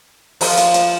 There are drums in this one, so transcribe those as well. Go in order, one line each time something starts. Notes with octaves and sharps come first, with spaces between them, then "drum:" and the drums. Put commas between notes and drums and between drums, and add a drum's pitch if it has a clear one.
F3, drum: open hi-hat
drum: hi-hat
drum: hi-hat